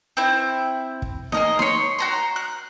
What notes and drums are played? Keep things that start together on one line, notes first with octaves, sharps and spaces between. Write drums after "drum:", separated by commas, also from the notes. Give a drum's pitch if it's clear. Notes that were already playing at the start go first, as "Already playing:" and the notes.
C4 E4
drum: kick
G#4 A#4 D#5, drum: snare D#4
C#5 C6, drum: snare D#4
F#4 A#5 C6
F#6